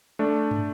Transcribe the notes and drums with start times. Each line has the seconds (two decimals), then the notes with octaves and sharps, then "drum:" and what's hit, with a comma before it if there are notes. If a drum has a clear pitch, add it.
0.19 A3 D4
0.51 drum: tom